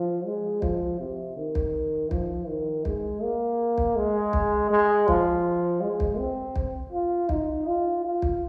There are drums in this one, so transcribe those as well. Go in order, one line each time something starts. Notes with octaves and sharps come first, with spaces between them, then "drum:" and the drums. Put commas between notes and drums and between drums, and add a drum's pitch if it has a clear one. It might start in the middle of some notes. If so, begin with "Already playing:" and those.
Already playing: F3
G#3
F3, drum: kick
C3
D#3
drum: kick
F3, drum: kick
D#3
G#3, drum: kick
A#3
drum: kick
G#3
drum: kick
G#3
F3, drum: kick
G#3
drum: kick
C4
drum: kick
F4
D#4, drum: kick
F4
F4
drum: kick